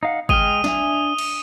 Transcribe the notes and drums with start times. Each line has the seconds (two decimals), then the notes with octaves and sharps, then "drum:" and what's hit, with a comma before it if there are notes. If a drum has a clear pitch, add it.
0.03 D#4 F5 F#5
0.29 G#3 G5 D#6 F6 D#7 G7, drum: kick
0.64 D4 E5 G#5, drum: snare
1.18 drum: cymbal